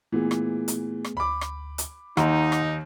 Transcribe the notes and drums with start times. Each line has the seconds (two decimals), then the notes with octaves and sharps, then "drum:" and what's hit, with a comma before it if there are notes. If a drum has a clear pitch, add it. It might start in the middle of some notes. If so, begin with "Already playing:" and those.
0.12 A#2 E3 A3 B3 G#4
0.31 drum: rim click
0.68 drum: hi-hat
1.05 drum: rim click
1.17 D2 B5 D6
1.41 drum: rim click
1.78 drum: hi-hat
2.17 D#2 D#4 F#5 A#5 C6, drum: rim click
2.52 drum: rim click